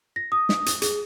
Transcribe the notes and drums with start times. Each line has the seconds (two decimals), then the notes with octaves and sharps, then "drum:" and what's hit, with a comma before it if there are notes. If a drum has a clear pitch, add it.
0.16 A#6
0.32 D#6
0.49 drum: snare
0.66 drum: hi-hat
0.82 G#4, drum: hi-hat